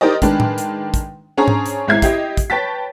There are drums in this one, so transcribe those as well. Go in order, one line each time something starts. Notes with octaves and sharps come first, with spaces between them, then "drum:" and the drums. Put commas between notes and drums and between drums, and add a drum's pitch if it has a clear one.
D#4 G4 A#4 C5 D5 D#5
D#3 G#3 D4 B4, drum: kick, hi-hat
drum: tom A2
drum: hi-hat
drum: kick, hi-hat
C#4 D4 G#4 C5 C#5 A#5
drum: tom G#2
drum: hi-hat
G#1 G#3 E4 G#6 C7
E4 G4 D#5, drum: kick, hi-hat
drum: kick, hi-hat
B4 C#5 G5 A5 A6 B6